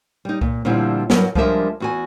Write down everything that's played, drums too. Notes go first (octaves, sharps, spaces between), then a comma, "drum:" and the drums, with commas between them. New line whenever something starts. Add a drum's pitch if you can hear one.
G3 D#4
A#2, drum: kick C2
A#2 D3 F3 G3 C4 E4
G2 F#3 E4 A#4 D#5, drum: snare
F3 G3 G#3 D4 A#4 E5, drum: kick C2
E2 F#4 G#5